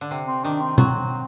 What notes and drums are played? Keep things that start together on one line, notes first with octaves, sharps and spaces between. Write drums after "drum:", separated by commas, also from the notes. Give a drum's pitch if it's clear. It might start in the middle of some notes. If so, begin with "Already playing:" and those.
D3
C3
C4
D#3 D4
C4
F#3 C4, drum: tom B2